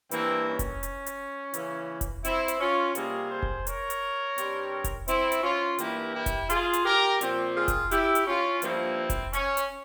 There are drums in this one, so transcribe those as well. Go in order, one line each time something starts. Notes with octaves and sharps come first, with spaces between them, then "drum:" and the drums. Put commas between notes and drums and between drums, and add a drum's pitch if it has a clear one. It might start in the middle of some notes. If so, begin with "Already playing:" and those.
G2 E3 A#3 C4 E4, drum: hi-hat
C#4
drum: kick F1, hi-hat
drum: hi-hat
drum: hi-hat
C#3 E3 A#3, drum: hi-hat
drum: kick F1, hi-hat
C4 E4, drum: hi-hat
drum: hi-hat
C#4 F4
C3 G3 A#3 F4 G#4, drum: hi-hat
G#4 C5
drum: kick F1
A#4 C#5, drum: hi-hat
drum: hi-hat
G2 G3 C4, drum: hi-hat
drum: kick F1, hi-hat
C4 E4, drum: hi-hat
drum: hi-hat
C#4 F4
G2 E3 A#3 E4 G4, drum: hi-hat
E4 G4
drum: kick F1, hi-hat
F4 G#4, drum: hi-hat
drum: hi-hat
G4 A#4
A#2 F3 C4, drum: hi-hat
F4 G#4
drum: kick F1, hi-hat
E4 G4, drum: hi-hat
drum: hi-hat
C#4 F4
G2 F3 A#3 C4 E4, drum: hi-hat
drum: kick F1, hi-hat
C#4, drum: hi-hat
drum: hi-hat